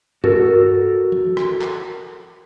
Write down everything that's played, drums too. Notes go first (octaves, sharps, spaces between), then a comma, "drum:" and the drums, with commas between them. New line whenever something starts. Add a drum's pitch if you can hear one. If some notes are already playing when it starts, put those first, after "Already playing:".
F#4 A4 A#4, drum: tom G2
drum: tom F3
drum: rim click
drum: clap